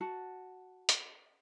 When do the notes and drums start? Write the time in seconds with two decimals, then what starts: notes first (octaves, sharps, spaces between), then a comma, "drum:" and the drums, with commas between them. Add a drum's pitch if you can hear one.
0.01 F#4 F#5 A5
0.89 drum: hi-hat